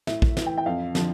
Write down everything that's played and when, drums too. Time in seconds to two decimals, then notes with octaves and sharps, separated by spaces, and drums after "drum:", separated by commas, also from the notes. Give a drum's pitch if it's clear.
0.07 A2 E5, drum: snare
0.22 drum: kick A#1
0.37 E3, drum: snare
0.46 G5
0.58 G5
0.66 F2 F5
0.95 D3 F3, drum: snare